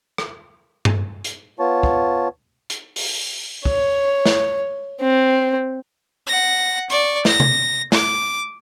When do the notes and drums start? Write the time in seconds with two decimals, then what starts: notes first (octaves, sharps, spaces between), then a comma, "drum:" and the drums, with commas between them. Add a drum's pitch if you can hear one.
0.18 drum: rim click
0.85 drum: tom G2
1.24 drum: hi-hat
1.59 B3 F4 C#5 A5
1.83 drum: kick
2.70 drum: hi-hat
2.96 drum: open hi-hat
3.65 C#5, drum: kick
4.26 drum: snare
5.01 C4
6.27 F#5 A#6
6.90 D5 C#6, drum: hi-hat
7.25 A#6, drum: snare
7.40 drum: tom C3
7.92 D6, drum: snare